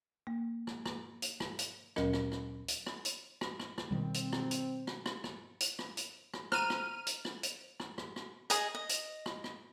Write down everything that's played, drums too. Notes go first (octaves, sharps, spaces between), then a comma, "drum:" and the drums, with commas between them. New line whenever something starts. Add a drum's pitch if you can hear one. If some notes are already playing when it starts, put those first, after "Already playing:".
A#3
drum: rim click
drum: rim click
drum: hi-hat
drum: rim click
drum: hi-hat
D2 A#2 F#3 C#4 A#4 D#5, drum: rim click
drum: rim click
drum: rim click
drum: hi-hat
drum: rim click
drum: hi-hat
drum: rim click
drum: rim click
drum: rim click
B2 D#3 G3 C4
drum: hi-hat
drum: rim click
drum: hi-hat
drum: rim click
drum: rim click
drum: rim click
drum: hi-hat
drum: rim click
drum: hi-hat
drum: rim click
C5 A#5 F6 D#7, drum: rim click
drum: rim click
drum: hi-hat
drum: rim click
drum: hi-hat
drum: rim click
drum: rim click
drum: rim click
G#4 D#5, drum: hi-hat
D#5
drum: hi-hat
drum: rim click
drum: rim click